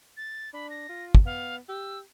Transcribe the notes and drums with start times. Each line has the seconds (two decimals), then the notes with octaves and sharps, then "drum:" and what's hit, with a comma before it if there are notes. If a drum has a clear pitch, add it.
0.17 A6
0.53 D4 B5
0.70 A#6
0.89 F4
1.15 drum: kick
1.25 B3 F5
1.69 G4 E6